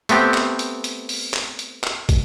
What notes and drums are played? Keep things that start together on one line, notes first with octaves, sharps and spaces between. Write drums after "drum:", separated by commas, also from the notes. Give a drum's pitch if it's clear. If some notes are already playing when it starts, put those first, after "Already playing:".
A3 B3 C4 G4, drum: hi-hat
drum: clap
drum: hi-hat
drum: hi-hat
drum: open hi-hat
drum: clap
drum: hi-hat
drum: clap
drum: kick, hi-hat